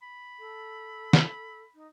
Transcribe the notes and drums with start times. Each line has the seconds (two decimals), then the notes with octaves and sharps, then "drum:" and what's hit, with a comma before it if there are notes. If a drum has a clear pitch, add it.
0.03 B5
0.39 A4
1.13 drum: snare
1.74 D#4